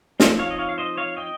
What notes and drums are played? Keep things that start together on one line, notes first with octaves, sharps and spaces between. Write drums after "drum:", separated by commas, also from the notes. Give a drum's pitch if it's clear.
F3 C4 D#4, drum: snare
C#5 F5
D#5
C#5 F5
F5
C5 D#5
C#5 F5
D#5 G5